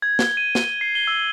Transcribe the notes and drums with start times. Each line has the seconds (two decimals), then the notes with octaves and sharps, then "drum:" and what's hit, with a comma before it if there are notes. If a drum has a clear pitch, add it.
0.02 G#6
0.19 G7, drum: snare
0.37 D#7
0.55 G7, drum: snare
0.81 C7
0.95 G7
1.07 E6